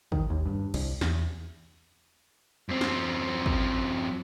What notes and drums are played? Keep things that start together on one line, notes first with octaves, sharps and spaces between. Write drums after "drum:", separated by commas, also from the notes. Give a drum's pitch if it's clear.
D#3, drum: kick
D#2
G2
C2, drum: cymbal
E2, drum: snare
F#2 C4
drum: snare
drum: kick